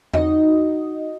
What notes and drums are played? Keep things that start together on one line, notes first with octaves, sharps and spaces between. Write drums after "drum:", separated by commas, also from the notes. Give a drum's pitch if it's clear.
D#4 F#4 D#5, drum: tom E2